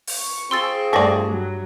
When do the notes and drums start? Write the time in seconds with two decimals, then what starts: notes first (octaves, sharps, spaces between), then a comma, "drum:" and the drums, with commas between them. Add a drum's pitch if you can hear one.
0.07 drum: open hi-hat
0.18 C#6
0.51 C4 F4 G#4 C6 E6 A6
0.93 G2 A3 A4 D5 E5 C#6 A#6
1.31 F#3